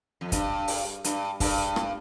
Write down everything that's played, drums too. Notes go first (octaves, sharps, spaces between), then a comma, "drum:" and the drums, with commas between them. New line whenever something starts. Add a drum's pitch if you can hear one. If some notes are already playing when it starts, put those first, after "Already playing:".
F2
G2, drum: kick, hi-hat
drum: open hi-hat
G2, drum: hi-hat
G2, drum: kick, open hi-hat
drum: rim click